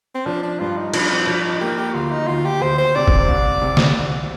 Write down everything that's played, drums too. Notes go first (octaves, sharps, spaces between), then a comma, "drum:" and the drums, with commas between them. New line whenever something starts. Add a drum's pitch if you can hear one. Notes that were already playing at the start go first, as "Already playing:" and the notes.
C4
F3 D4
D4
G2 F4
D#4
F3 D4, drum: cymbal
C4
F3 D4
D#4
A#3 G4
G4
D2 F4
D#4
D2 F4
G4
D2 C5
C5
C3 D5
drum: kick
C2
C3
drum: snare
C2